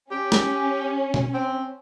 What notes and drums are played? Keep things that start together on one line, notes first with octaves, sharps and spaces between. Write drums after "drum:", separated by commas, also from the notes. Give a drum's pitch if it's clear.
C#4 G4
drum: snare
drum: tom B2
C4